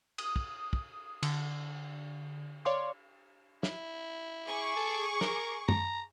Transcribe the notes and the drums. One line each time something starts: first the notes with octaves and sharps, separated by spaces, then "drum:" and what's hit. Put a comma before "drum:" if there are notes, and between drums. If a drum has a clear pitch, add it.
D#6, drum: cymbal
drum: kick
drum: kick
D3, drum: cymbal
C#5 D5 F5 C6 D6
E4, drum: snare
G#4 C#6 D6
A4
A#4, drum: snare
A#5, drum: tom F#2